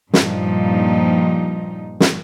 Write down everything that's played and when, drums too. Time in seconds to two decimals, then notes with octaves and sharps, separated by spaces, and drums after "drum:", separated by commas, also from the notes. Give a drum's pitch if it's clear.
0.14 G2 A#2 F3 D#4, drum: snare
2.00 drum: snare